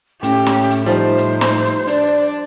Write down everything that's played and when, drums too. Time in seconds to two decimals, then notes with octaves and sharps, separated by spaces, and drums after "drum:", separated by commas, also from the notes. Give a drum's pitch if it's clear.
0.23 A2 C#4 G4, drum: hi-hat
0.46 drum: snare
0.70 drum: hi-hat
0.86 F3 G3 D#4 C5
1.17 drum: hi-hat
1.41 drum: snare
1.65 drum: hi-hat
1.87 D4 D5, drum: hi-hat